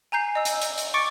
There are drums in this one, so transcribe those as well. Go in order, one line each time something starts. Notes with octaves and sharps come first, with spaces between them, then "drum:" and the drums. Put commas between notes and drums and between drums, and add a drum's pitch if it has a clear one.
G#5 A#5 G6 C7
D#5 E6
drum: hi-hat
drum: hi-hat
drum: hi-hat
C#6 D6 A6 C#7 D7